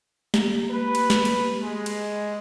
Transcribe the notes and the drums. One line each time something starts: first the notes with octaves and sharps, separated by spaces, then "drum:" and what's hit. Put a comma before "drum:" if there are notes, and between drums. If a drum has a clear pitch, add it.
A#3 G4, drum: snare
B4
drum: cymbal
drum: snare
drum: cymbal
G#3
drum: cymbal